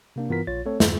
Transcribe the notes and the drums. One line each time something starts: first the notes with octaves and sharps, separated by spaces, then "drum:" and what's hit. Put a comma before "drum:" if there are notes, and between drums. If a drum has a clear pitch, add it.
C3 A#3 D4
G2 E3 B3 F4 A#4 B6
A#1 F4 C#5 A6
A3 C4 A4 C#5
E2 G2, drum: snare